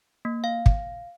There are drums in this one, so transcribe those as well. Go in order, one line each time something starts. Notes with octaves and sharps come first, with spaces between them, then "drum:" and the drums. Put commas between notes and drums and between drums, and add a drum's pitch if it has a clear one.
A#3
F5
drum: kick